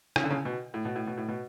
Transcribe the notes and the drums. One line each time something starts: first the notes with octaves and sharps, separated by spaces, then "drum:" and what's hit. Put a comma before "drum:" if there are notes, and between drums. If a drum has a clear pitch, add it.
C#3, drum: rim click
D3
C#3
B2
A2
B2
A2
B2
A2
B2